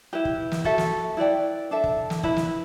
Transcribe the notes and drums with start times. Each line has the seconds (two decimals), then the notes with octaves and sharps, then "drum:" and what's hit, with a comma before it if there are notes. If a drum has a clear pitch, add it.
0.13 E4 G4 B4
0.25 drum: kick
0.52 drum: snare
0.64 F#4 A4 E5, drum: kick
0.78 drum: snare
1.17 E4 B4 D5 G5
1.71 D4 A4 E5
1.84 drum: kick
2.10 drum: snare
2.23 E4 B4 E5 B5, drum: kick
2.37 drum: snare